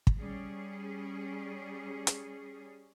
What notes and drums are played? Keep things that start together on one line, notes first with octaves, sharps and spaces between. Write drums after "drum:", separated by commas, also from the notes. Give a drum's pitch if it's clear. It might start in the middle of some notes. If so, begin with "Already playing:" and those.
drum: kick
G3 C#4 G#4
drum: hi-hat